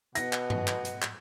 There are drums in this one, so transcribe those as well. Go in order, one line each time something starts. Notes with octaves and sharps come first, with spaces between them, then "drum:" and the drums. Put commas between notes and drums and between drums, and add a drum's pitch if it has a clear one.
B2 B3 D#5 F#5 A#6, drum: hi-hat
drum: clap
drum: tom G2
drum: clap
drum: hi-hat
drum: clap